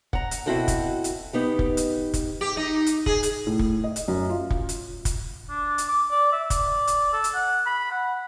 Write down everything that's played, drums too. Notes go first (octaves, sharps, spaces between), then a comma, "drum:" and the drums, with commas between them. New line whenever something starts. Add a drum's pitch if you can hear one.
F#5 A#5, drum: kick
drum: hi-hat
B2 C4 E4 F#4 A4 G5
drum: kick, hi-hat
drum: hi-hat
B3 D#4 G4
drum: kick
drum: hi-hat
drum: kick, hi-hat
G4
D#4
drum: hi-hat
G#4, drum: kick
drum: hi-hat
A2
drum: kick
D#5
drum: hi-hat
F#2
F4
drum: kick
drum: hi-hat
drum: kick, hi-hat
D4
drum: hi-hat
D6
D5
E5
D5, drum: kick, hi-hat
drum: hi-hat
A4
drum: hi-hat
F#5
B5
F#5